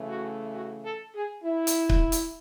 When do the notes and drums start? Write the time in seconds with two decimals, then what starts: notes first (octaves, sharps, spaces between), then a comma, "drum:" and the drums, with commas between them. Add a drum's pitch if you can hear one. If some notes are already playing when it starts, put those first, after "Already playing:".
Already playing: C#3 E3 A3
0.09 F#4
0.54 F#4
0.84 A4
1.15 G#4
1.44 E4
1.67 drum: hi-hat
1.89 drum: kick C#1
2.12 drum: hi-hat